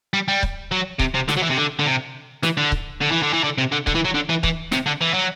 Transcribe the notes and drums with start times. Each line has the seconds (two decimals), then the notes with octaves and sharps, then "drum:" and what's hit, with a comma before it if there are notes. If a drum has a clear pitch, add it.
0.14 G3
0.28 G3
0.43 drum: kick C#1
0.71 F#3
0.99 C3, drum: kick C#1
1.15 C3
1.29 D3, drum: snare
1.37 F#3
1.43 E3
1.50 C3
1.57 D3
1.79 D3
1.86 C3
2.43 E3, drum: snare
2.57 D3
2.72 drum: kick C#1
3.01 D3
3.11 E3
3.22 D3
3.33 E3
3.44 D3
3.58 C3
3.72 D3
3.87 D3, drum: kick C#1
3.95 E3
4.05 F#3
4.15 D3
4.29 E3
4.43 E3, drum: kick C#1
4.72 C3, drum: snare
4.86 D3
5.01 E3
5.14 F#3